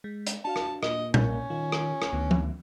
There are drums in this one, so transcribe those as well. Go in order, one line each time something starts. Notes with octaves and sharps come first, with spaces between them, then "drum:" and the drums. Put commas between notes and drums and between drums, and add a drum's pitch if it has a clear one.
G#3
drum: hi-hat
D4 F#4 F5 A5
drum: rim click
A#2 D#5, drum: rim click
B1 A#3 C#4 G6, drum: tom A#2
D#3 F4
drum: rim click
drum: rim click
D2 D#3 B3
drum: tom F3